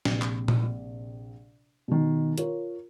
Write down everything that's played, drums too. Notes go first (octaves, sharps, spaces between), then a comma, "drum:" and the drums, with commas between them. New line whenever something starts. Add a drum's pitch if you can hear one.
A#1 C3, drum: snare
drum: clap
drum: tom A#2
B2 D#3
F4 A#4 C#5, drum: hi-hat